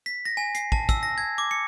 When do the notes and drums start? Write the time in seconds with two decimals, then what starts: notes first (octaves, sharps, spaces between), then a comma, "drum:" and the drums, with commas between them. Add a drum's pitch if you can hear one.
0.06 B6
0.25 A#6
0.37 G#5
0.55 C7, drum: hi-hat
0.72 A5, drum: kick
0.89 E6, drum: kick, hi-hat
1.03 A#6
1.18 G#6
1.38 D6
1.51 C#7